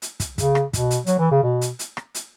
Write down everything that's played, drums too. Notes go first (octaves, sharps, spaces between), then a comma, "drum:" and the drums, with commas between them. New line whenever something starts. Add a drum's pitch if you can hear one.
drum: hi-hat
drum: kick, hi-hat
C#3, drum: kick, hi-hat
drum: rim click
B2, drum: kick, hi-hat
drum: hi-hat
F#3, drum: hi-hat
E3
C#3
B2
drum: hi-hat
drum: hi-hat
drum: rim click
drum: hi-hat